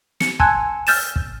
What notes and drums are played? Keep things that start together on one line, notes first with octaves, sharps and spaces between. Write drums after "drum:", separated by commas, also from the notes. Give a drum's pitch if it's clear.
C#7, drum: snare
G#5 A5 C6 E6 F#6 G#6, drum: kick
E6 F6 G6 A6 D#7 E7, drum: open hi-hat
drum: kick